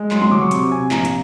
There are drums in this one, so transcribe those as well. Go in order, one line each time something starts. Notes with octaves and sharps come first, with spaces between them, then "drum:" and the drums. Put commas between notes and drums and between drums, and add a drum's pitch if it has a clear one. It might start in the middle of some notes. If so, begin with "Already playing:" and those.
Already playing: G#3
F#3 C6, drum: clap
C6, drum: tom
F#3 D6
C#6
C3 D6, drum: hi-hat
C3 G#5
A#1 A#5, drum: clap
drum: hi-hat